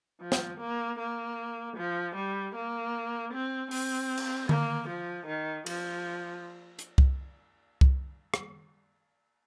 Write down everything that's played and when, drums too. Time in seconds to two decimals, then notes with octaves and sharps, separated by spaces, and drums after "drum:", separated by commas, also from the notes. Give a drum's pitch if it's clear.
0.21 F3
0.32 drum: snare
0.60 A#3
0.99 A#3
1.76 F3
2.15 G3
2.55 A#3
3.33 C4
3.71 C4, drum: open hi-hat
4.17 drum: cymbal
4.49 A#3, drum: tom D3
4.88 F3
5.26 D#3
5.66 F3, drum: cymbal
6.79 drum: hi-hat
6.98 drum: kick C2
7.81 drum: kick C2
8.34 drum: rim click